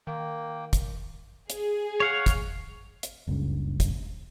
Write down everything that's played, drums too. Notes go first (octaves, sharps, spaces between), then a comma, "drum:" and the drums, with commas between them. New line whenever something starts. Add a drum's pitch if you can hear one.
D#3 A#3 G5
drum: kick, hi-hat
G#4, drum: hi-hat
C#5 F5 F#5
drum: kick, hi-hat
drum: hi-hat
F#1 C#2 G2 C#3
drum: kick, hi-hat